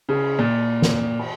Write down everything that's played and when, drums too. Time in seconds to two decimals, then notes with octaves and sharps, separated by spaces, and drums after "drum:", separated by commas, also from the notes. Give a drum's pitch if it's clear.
0.09 C#3, drum: cymbal
0.39 A#2
0.82 drum: snare
1.19 drum: cymbal